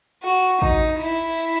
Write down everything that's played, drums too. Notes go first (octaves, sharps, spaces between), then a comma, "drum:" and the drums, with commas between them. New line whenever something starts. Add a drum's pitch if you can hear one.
F#4
D#4, drum: kick A1
E4